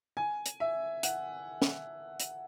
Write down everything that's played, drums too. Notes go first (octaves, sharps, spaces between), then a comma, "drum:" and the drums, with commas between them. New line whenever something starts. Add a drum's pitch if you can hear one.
G#5
drum: hi-hat
E5
F#5, drum: hi-hat
drum: snare
drum: hi-hat